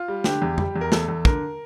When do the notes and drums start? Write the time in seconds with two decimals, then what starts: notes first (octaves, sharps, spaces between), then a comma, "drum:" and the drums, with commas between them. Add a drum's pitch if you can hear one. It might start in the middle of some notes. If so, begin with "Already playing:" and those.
Already playing: F4
0.08 G3
0.24 D3 G4, drum: snare
0.42 E2
0.58 G3, drum: tom F2
0.76 E2
0.81 A#4
0.92 E2 A4, drum: snare
1.08 E2
1.25 D3 A#4, drum: kick